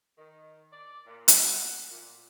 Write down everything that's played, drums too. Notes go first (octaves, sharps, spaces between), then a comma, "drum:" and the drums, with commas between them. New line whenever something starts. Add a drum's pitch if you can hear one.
D#3
D5
A#2
drum: hi-hat
F#5
A#2